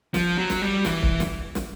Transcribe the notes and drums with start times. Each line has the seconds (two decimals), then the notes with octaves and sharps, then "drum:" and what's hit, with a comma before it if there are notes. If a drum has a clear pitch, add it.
0.14 F3, drum: snare
0.38 F#3
0.50 drum: snare
0.62 G3
0.85 E3, drum: snare
1.02 drum: kick C#1
1.20 drum: snare
1.55 drum: snare